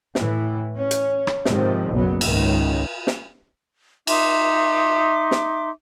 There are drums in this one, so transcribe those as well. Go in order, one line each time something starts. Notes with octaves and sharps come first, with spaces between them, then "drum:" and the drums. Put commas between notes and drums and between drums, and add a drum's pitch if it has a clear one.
A2 E3, drum: snare
C#4
drum: hi-hat
drum: rim click
G#2 C3 D#3 F3, drum: snare
F#1 B1 F#3 B3
C#2 G#2 D#3, drum: cymbal
drum: snare
D#4 E5 C6 D6, drum: cymbal
drum: snare